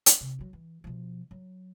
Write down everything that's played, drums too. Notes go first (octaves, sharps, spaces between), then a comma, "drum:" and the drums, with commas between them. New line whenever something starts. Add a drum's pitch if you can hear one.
drum: hi-hat
C3
E3 F#3
E3
B2 F3
F#3